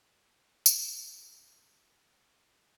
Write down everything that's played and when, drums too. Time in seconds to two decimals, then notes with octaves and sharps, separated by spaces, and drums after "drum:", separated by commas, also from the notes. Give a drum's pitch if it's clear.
0.10 C3 F3
0.66 B2, drum: tambourine
1.75 A2 F3